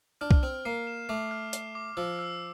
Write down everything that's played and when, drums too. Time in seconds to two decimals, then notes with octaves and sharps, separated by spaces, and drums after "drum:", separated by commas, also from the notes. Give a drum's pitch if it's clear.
0.21 D4 F6
0.31 drum: kick B1
0.43 C4 F6
0.65 A#3 C7
0.87 E7
1.09 A3 D6
1.31 F6
1.53 C7, drum: hi-hat
1.75 D6
1.97 F3 E6
2.19 E6